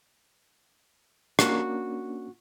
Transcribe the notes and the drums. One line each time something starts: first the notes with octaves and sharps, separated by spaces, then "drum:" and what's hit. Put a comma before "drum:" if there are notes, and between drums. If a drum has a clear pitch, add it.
A#3 C#4 D4 F#4, drum: rim click